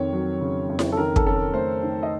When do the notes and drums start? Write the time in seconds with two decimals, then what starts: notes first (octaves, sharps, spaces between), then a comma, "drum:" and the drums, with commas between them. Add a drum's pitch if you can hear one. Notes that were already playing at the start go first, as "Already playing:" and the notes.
Already playing: F2 D#3 C#5
0.13 F#3
0.41 C#3
0.69 F2
0.79 drum: snare E4
0.92 A4
0.97 D#3 A#4
1.16 A4, drum: kick
1.26 C#4 A4
1.36 A#4
1.54 A3 C5
1.83 D#3
2.03 D#5